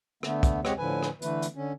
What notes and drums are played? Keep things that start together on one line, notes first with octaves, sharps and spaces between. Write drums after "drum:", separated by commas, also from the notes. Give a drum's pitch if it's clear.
D3 A3 B3, drum: rim click
drum: kick, hi-hat
G#3 C4 G4 C#5 D#5 F#5, drum: rim click
A2 D3 F3 B4 G#5
drum: rim click
D3 E3 A3 B4, drum: hi-hat
drum: hi-hat
D3 C#4